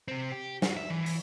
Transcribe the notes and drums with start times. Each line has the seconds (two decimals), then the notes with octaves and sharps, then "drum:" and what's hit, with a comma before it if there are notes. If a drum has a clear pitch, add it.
0.08 C3 C4
0.32 G4
0.62 F4 F#4, drum: snare
0.77 E5
0.90 E3
1.06 drum: open hi-hat